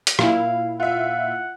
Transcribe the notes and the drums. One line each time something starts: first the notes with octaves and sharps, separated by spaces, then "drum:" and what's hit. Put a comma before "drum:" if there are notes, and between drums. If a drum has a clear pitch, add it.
drum: hi-hat
A#2 E4 F5, drum: rim click
F4 E5 F#5